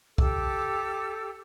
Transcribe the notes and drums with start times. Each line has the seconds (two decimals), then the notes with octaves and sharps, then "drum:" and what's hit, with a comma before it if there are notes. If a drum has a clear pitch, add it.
0.18 G4 A4 D6 E6, drum: kick B1